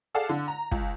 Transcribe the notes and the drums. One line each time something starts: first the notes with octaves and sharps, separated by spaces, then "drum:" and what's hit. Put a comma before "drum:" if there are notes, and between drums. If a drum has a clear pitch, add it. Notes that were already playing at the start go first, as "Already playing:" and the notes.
G#4 A4 D5 F5 F#5 A5
D3
A#5
C#2, drum: kick